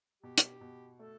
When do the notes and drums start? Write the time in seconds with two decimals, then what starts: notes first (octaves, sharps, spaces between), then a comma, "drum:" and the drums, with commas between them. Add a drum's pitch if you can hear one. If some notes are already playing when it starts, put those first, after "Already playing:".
0.23 B2 G4
0.38 drum: hi-hat
0.61 B2
0.99 A3 A4